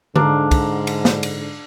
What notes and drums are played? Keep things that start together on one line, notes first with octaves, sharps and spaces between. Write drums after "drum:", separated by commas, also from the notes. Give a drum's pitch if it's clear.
G#2 D3 D4 F5 A#5, drum: tom D3
drum: kick, cymbal
drum: cymbal
drum: snare
drum: cymbal